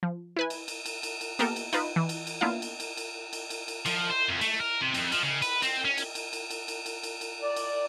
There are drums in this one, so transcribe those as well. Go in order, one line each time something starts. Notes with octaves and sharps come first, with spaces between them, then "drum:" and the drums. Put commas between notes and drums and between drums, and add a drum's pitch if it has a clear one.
F3
E4 B4 G#5
drum: cymbal
drum: cymbal
drum: cymbal
drum: cymbal
drum: cymbal
A#3 B3 G4 A4 A#4, drum: cymbal
drum: cymbal
D#4 F4 B4, drum: cymbal
E3
drum: cymbal
drum: cymbal
A#3 B3 D4 E4 F4 F5
drum: cymbal
drum: cymbal
drum: cymbal
drum: cymbal
drum: cymbal
drum: cymbal
F3, drum: cymbal
C5
F2
A3, drum: cymbal
A#4
C3
F2, drum: cymbal
F3, drum: cymbal
C#3
B4, drum: cymbal
C4, drum: cymbal
C#4
drum: cymbal
drum: cymbal
drum: cymbal
drum: cymbal
drum: cymbal
drum: cymbal
drum: cymbal
drum: cymbal
D5
drum: cymbal